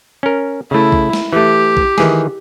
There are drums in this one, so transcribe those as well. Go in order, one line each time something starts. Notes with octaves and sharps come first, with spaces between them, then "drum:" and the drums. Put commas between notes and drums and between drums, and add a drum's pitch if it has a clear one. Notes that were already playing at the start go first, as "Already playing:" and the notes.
C#4 A#4
C#3 A3 E4
drum: kick B1
drum: snare
E3 A3 G4
drum: kick B1
D#3 E3 G#4, drum: snare